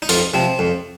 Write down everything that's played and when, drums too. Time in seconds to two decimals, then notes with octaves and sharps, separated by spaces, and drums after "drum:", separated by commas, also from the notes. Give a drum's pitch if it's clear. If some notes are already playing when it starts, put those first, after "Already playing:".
0.02 D#4
0.09 F2 F4, drum: open hi-hat
0.34 C3 F3 C4
0.59 F2